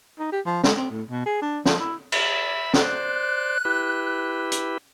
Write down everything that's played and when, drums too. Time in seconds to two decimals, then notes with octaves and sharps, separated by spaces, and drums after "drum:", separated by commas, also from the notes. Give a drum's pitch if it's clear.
0.19 D#4
0.32 G4
0.46 F3
0.64 G#3, drum: snare
0.77 C4
0.91 A2
1.10 B2
1.26 G#4
1.42 D4
1.66 F3, drum: snare
1.80 E4
2.12 E5 B5, drum: cymbal
2.74 C5 D5 F#6, drum: snare
3.65 E4 G4 B4
4.52 drum: hi-hat